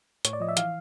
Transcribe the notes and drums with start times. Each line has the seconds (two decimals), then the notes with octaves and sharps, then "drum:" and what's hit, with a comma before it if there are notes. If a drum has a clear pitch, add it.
0.25 A2 C#5, drum: hi-hat
0.33 D5
0.40 F3 D#5
0.48 E5
0.57 E3 F5, drum: hi-hat